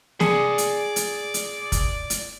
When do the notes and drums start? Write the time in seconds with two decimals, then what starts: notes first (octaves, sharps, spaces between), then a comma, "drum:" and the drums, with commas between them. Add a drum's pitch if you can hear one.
0.20 G#4 D5 C6, drum: snare
0.58 drum: hi-hat
0.96 drum: hi-hat
1.34 drum: hi-hat
1.72 drum: kick, hi-hat
2.10 drum: hi-hat